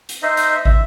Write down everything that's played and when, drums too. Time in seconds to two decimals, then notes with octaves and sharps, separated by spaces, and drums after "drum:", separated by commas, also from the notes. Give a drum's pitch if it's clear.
0.09 drum: hi-hat
0.23 D#4 C5 D#5 E5
0.37 drum: hi-hat
0.65 E5, drum: kick